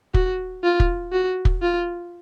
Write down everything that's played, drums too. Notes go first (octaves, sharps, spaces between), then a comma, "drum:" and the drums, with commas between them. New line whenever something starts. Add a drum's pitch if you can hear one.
F#4, drum: kick
F4
drum: kick
F#4
drum: kick
F4